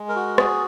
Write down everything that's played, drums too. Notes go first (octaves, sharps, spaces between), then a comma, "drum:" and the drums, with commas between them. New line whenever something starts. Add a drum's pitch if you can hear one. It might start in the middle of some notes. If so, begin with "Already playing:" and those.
Already playing: G#3
A#4
F#4
G#4, drum: rim click